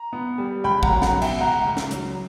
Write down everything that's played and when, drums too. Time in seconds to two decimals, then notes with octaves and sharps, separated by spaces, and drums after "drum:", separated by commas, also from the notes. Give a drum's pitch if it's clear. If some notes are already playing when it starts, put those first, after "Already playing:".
Already playing: A#5
0.13 B3
0.38 G3
0.64 C#2 G5 B5
0.83 F#5 A#5, drum: kick
0.89 F#3
1.02 F#5 A#5, drum: snare
1.15 B2
1.22 E5 G5, drum: cymbal
1.41 C#2 F#5 A#5
1.66 C#2
1.77 drum: snare
1.91 F#3, drum: hi-hat